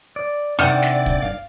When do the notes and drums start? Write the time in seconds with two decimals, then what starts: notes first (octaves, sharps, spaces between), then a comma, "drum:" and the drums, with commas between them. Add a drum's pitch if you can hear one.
0.16 D5
0.59 C3 D#3 D4 D5 E5 F#5 G5
0.82 drum: snare
1.06 drum: kick
1.22 F5